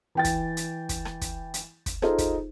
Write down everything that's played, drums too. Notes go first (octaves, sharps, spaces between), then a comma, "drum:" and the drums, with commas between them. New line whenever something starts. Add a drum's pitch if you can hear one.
E3 G5 A6
drum: kick, hi-hat
drum: hi-hat
drum: kick, hi-hat
drum: rim click
drum: kick, hi-hat
drum: hi-hat
drum: kick, hi-hat
D#4 F4 G#4 A4 C5, drum: rim click
drum: kick, hi-hat